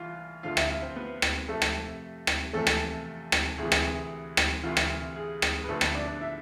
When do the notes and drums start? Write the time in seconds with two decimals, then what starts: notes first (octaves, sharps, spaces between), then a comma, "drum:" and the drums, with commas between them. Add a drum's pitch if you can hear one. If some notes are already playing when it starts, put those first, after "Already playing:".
Already playing: C2 E3 F4 F5
0.43 D2 D3 F3 F4 F5
0.57 E4 E5, drum: rim click
0.70 E4 E5
0.82 C4 C5
0.96 B3 B4
1.22 drum: rim click
1.48 F2 C3 F3 A3 A4
1.62 drum: rim click
2.27 drum: rim click
2.53 E2 C3 F3 A3 A4
2.67 drum: rim click
3.32 drum: rim click
3.58 D2 C3 E3 G#4
3.72 drum: rim click
4.37 drum: rim click
4.63 D2 C3 E3 F4
4.77 drum: rim click
5.16 G#4
5.42 drum: rim click
5.64 B4
5.68 D2 D3 F3 A3 A4
5.81 B3 B4, drum: rim click
5.95 D4 D5
6.07 D4 D5
6.21 E4 E5